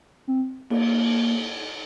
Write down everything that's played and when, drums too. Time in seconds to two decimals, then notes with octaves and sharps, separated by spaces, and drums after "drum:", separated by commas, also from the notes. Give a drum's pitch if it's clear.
0.27 C4
0.70 A#3, drum: cymbal